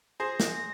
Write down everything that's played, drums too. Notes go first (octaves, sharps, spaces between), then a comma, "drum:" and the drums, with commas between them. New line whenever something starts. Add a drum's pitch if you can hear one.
G#4 C5 A#6
drum: snare